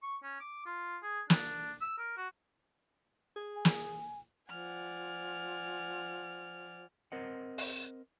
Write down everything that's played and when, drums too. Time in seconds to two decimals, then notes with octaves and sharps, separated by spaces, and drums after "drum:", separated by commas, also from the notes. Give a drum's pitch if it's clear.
0.02 C#6
0.23 C#4
0.40 D6
0.66 F4
1.03 G#4
1.30 D4, drum: snare
1.81 E6
1.98 A#4
2.17 F#4
3.36 G#4
3.55 G#5
3.65 drum: snare
4.49 F3 D5 F#5 G#5 F6
7.12 C4 A#4 C5 D#5 F#5
7.58 drum: open hi-hat